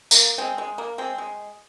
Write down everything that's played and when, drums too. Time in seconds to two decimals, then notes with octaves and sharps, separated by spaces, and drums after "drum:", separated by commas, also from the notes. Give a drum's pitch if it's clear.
0.11 A#3, drum: tambourine
0.38 G#3 C4
0.58 G#3
0.78 A#3
0.98 G#3 C4
1.18 G#3